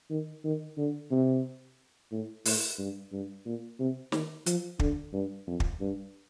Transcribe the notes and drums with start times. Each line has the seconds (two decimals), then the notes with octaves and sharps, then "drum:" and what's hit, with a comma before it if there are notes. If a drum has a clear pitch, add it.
0.10 D#3
0.44 D#3
0.77 D3
1.11 C3
2.12 A2
2.45 A2, drum: open hi-hat
2.78 G2
3.12 G2
3.45 A#2
3.79 C3
4.12 D#3, drum: snare
4.46 F3, drum: hi-hat
4.79 D3, drum: kick
5.13 G2
5.47 F2
5.60 drum: kick
5.80 G2